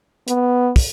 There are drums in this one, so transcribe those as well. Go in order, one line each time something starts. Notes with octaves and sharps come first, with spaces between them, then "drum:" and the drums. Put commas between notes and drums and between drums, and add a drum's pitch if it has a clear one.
B3, drum: hi-hat
drum: kick, open hi-hat